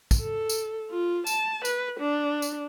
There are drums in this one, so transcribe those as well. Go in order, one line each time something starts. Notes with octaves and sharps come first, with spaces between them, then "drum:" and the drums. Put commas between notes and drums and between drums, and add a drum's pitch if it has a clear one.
drum: kick, tambourine
A4
drum: tambourine
F4
A5, drum: tambourine
B4, drum: tambourine
D4
drum: tambourine